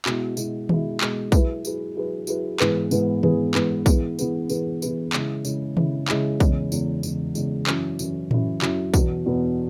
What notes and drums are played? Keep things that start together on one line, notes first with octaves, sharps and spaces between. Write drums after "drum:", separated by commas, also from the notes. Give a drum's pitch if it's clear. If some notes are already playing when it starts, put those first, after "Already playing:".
B2 G#3 E4, drum: clap
B2 G#3 E4, drum: tambourine
B2 G#3 E4, drum: tom D#3
B2 G#3 E4, drum: clap
F#3 E4 G#4 B4, drum: kick, tambourine
F#3 E4 G#4 B4, drum: tambourine
F#3 E4 G#4 B4
F#3 E4 G#4 B4, drum: tambourine
G#2 E3 B3 G#4 B4, drum: clap
G#2 E3 B3 G#4 B4, drum: tambourine
G#2 E3 B3 G#4 B4, drum: tom D#3
G#2 E3 B3 G#4 B4, drum: clap
E3 B3 E4 G#4 B4, drum: kick, tambourine
E3 B3 E4 G#4 B4, drum: tambourine
E3 B3 E4 G#4 B4, drum: tambourine
E3 B3 E4 G#4 B4, drum: tambourine
C#3 G#3 E4, drum: clap
C#3 G#3 E4, drum: tambourine
C#3 G#3 E4, drum: tom D#3
C#3 G#3 E4, drum: clap
E2 C#3 G#3, drum: kick, tambourine
E2 C#3 G#3, drum: tambourine
E2 C#3 G#3, drum: tambourine
E2 C#3 G#3, drum: tambourine
F#2 E3 C#4 E4, drum: clap
F#2 E3 C#4 E4, drum: tambourine
F#2 E3 C#4 E4, drum: tom A2
F#2 E3 C#4 E4, drum: clap
E2 B2 B3, drum: kick, tambourine
E2 B2 B3